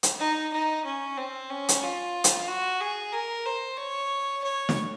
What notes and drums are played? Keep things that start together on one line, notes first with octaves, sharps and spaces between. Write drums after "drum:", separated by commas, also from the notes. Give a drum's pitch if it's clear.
drum: hi-hat
D#4
D#4
C#4
C4
C#4
drum: hi-hat
F4
drum: hi-hat
F#4
G#4
A#4
C5
C#5
C#5
drum: snare